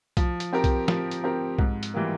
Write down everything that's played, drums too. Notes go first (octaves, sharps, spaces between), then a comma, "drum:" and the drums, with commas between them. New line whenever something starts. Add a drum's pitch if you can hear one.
F3, drum: kick B1, hi-hat
drum: hi-hat
C4 G4 A#4
drum: kick B1, hi-hat
F3, drum: snare
drum: hi-hat
C4 G4 A#4
G#2, drum: kick B1
drum: hi-hat
E3 G3 A#3